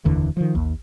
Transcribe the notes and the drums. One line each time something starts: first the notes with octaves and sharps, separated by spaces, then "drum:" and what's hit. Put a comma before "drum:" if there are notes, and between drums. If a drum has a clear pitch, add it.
F1 D#2 D3 E3
D#3 F3
D#2, drum: kick A1